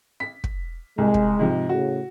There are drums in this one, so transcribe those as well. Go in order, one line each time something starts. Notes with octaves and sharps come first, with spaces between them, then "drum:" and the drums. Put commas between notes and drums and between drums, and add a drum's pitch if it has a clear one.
B6
drum: kick
C2 G#3
drum: kick
G#2 C3 F3
A2 C#3 F#4